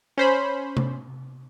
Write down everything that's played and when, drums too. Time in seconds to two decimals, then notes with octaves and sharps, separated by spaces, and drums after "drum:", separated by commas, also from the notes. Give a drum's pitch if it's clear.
0.17 C#4 C5 B5
0.77 drum: tom C3